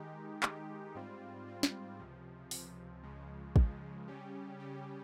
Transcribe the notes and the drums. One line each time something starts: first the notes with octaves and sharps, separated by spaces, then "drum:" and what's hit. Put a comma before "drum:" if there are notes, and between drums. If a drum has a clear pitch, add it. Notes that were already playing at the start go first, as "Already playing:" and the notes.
Already playing: D#3 G#3 D#4 G4
D#3 G#3 D#4 G4, drum: clap
G#2 G3 C4 F4
G#2 G3 C4 F4
drum: snare
C#2 C3 F3
C#2 C3 F3, drum: open hi-hat
C#2 C#3 F3 G#3
C#2 C#3 F3 G#3, drum: kick
C#3 G3 C#4 G4
C#3 G3 C#4 G4